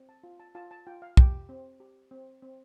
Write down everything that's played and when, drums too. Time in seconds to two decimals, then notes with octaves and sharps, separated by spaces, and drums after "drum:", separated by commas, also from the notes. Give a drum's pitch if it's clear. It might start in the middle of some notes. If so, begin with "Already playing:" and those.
Already playing: C4
0.09 A5
0.23 F4
0.40 A5
0.55 F4 A5
0.71 A5
0.87 F4 G5
1.02 F5
1.17 G4 G5, drum: kick
1.49 C4
1.80 G4
2.11 C4
2.42 C4